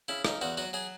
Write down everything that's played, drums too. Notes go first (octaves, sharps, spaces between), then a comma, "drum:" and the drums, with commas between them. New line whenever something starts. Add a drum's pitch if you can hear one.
C#3 E4
C#3 D#4, drum: rim click
E2 F#4
F#3 F#4
F#3 G#4